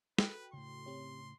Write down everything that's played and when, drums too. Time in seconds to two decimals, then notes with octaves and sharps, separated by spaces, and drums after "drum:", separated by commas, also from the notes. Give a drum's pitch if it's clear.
0.18 F#4 A4 B4 G5, drum: snare
0.53 A2 C#3 C6
0.86 C4 G4 C#5